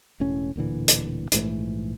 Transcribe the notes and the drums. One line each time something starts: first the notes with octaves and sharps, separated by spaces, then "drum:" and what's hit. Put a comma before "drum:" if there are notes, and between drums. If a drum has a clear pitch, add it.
E1 A2 C#4
D1 A#2 D3 E3
drum: hi-hat
A#1 G#2 E3 A3, drum: hi-hat